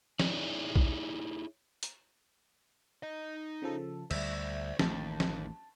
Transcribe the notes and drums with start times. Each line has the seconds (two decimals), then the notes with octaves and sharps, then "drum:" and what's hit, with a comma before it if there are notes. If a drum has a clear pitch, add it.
0.20 D#4 E4 G#4 C#5 D5, drum: snare
0.76 drum: kick A#1
1.83 drum: hi-hat
3.03 D#4 D#5
3.62 C#3 F3 A4
4.11 D2 G3 C5 D5 E5, drum: cymbal
4.79 A1 D#2 D#3 A3 A5, drum: snare
5.20 drum: snare